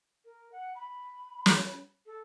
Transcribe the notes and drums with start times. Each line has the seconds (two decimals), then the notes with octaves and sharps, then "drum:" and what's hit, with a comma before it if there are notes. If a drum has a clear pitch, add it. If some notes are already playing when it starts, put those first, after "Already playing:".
0.25 A#4
0.52 F#5
0.75 B5
1.46 drum: snare
2.06 A4